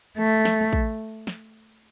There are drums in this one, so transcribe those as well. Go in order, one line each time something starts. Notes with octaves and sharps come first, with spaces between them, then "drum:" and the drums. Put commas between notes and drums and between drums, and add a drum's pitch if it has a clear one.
A3
drum: snare
drum: kick
drum: snare